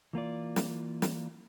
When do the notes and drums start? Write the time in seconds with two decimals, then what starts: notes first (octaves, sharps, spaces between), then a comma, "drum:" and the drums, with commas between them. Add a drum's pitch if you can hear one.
0.13 E3 A#3 F4 D5
0.56 drum: snare
1.02 drum: snare